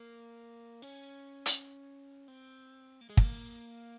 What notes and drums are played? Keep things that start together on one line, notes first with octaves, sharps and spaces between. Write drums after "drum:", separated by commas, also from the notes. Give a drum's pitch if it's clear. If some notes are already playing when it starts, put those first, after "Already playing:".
Already playing: A#3
C#4
drum: hi-hat
C4
A#3
G#3
A#3, drum: kick